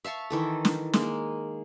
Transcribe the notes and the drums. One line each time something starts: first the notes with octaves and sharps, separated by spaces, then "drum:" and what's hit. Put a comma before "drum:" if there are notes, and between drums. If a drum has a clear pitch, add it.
E5 F5 A5 C#6
D#3 E3 A4
drum: snare
G#3 A#3, drum: snare